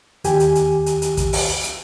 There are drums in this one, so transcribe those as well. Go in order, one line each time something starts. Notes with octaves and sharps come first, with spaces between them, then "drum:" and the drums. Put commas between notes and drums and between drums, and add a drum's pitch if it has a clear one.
D#2 G4 G#5, drum: hi-hat
drum: hi-hat
drum: hi-hat
drum: hi-hat
drum: hi-hat
drum: kick A1, hi-hat
drum: open hi-hat
drum: hi-hat